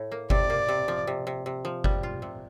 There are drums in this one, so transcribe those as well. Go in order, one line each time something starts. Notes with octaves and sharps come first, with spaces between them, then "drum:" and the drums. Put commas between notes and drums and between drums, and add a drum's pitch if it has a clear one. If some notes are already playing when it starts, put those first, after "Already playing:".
Already playing: A2
A#3
C3 D5, drum: kick G1
A#3
C3
F3
C3
C3
C3
F3
G3, drum: kick G1
F4
C3